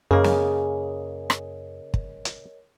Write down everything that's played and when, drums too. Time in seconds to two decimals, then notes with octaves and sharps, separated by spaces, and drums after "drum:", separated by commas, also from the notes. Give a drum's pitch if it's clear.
0.11 F#2 C#3 A#3 G#4 A#4 C#5 D#5
0.24 drum: snare
1.30 drum: rim click
1.94 drum: kick
2.25 drum: hi-hat